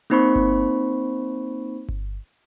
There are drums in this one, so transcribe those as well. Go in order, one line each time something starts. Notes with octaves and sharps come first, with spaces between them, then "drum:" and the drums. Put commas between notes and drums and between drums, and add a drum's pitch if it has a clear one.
A#3 C4 D#4 C5 B5 C#6
drum: kick G1
drum: kick G1